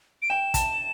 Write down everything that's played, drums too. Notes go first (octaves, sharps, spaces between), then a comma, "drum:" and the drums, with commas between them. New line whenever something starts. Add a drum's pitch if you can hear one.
D7
G5 E7
A5, drum: kick, hi-hat